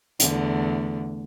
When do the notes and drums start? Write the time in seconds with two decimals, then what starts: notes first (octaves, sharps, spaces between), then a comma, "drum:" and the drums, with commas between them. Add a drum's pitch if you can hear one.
0.20 E2 D3 A3, drum: hi-hat